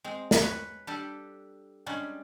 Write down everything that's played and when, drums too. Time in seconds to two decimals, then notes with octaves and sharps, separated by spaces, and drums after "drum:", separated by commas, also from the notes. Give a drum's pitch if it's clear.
0.04 G#3 C4
0.31 drum: snare
0.42 B4 C#5
0.87 G3 D4 G4 A4
1.86 G3 G#3 C#4 D4